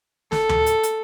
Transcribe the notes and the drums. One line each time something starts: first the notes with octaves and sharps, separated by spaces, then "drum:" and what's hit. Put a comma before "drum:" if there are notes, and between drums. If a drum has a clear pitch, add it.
A4, drum: snare
drum: tom D2
drum: hi-hat
drum: hi-hat